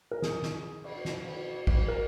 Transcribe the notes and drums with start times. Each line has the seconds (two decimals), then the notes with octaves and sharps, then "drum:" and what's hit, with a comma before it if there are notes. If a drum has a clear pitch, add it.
0.11 A#4
0.22 G#4, drum: snare
0.43 drum: snare
0.84 drum: cymbal
1.05 drum: snare
1.26 drum: cymbal
1.67 drum: kick, cymbal
1.88 A#4